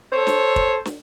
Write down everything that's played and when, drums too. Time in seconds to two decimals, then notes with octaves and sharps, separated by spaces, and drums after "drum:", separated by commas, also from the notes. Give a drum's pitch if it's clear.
0.12 A4 C5 C#5
0.27 drum: snare
0.56 drum: kick
0.85 drum: snare